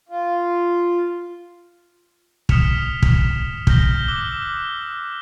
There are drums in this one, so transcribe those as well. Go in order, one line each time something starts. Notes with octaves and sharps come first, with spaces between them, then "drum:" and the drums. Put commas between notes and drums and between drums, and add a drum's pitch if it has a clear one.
F4
D#6 F6 B6 C#7 E7 F7, drum: kick
drum: kick
F6 G6 A#6 G7, drum: kick
D6 E6 F#6 G7